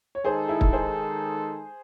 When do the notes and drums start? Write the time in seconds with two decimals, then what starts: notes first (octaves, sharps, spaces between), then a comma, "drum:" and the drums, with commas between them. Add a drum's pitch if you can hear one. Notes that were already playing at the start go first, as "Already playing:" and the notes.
0.15 C#5
0.24 D#3 G#3 D#4 G#4 A4 C5
0.48 E4 G#4
0.61 drum: kick
0.73 G#4 C5